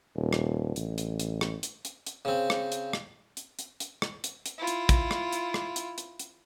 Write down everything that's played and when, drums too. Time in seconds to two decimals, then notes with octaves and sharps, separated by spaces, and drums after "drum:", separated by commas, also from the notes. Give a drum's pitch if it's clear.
0.16 D#1
0.33 drum: rim click
0.76 A1, drum: hi-hat
0.98 drum: hi-hat
1.20 drum: hi-hat
1.41 drum: rim click
1.63 drum: hi-hat
1.85 drum: hi-hat
2.06 drum: hi-hat
2.25 C#3 C4
2.50 drum: rim click
2.72 drum: hi-hat
2.93 drum: rim click
3.37 drum: hi-hat
3.59 drum: hi-hat
3.80 drum: hi-hat
4.02 drum: rim click
4.24 drum: hi-hat
4.46 drum: hi-hat
4.58 E4 F4
4.67 drum: hi-hat
4.89 drum: kick, hi-hat
5.11 drum: rim click
5.33 drum: hi-hat
5.54 drum: rim click
5.76 drum: hi-hat
5.98 drum: hi-hat
6.19 drum: hi-hat